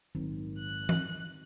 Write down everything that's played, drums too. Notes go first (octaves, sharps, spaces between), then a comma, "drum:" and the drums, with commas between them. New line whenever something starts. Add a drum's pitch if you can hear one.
A#1 G#2 D#3 F#3 C4
F#6
drum: tom E3